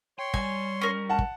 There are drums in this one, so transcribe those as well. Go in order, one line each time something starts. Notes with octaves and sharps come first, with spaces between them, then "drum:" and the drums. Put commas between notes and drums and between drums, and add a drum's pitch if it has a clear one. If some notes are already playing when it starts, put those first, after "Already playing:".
C#5 G5 C6
G3 G#5, drum: kick
C#4 A#4
F#5 A5
drum: kick